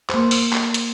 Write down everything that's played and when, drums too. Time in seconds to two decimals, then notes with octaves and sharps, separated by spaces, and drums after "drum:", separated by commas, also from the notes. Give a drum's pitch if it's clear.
0.10 A#3 C5, drum: clap
0.31 drum: open hi-hat
0.53 drum: clap
0.74 drum: hi-hat